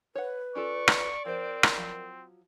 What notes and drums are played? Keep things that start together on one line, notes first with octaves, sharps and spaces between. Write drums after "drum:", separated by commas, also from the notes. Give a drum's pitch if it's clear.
B4 C#5 F#5
C#4 F4 A4 D5 C#6
drum: rim click
F3 C4 A#4 C5
drum: rim click
F3 F#3